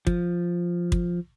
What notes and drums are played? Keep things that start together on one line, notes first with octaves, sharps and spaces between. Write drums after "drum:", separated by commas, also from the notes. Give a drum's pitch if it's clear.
F3, drum: kick
drum: kick